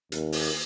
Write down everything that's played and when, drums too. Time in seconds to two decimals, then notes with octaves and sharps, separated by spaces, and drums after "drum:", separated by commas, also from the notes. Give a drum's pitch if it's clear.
0.12 D#2, drum: hi-hat
0.32 drum: open hi-hat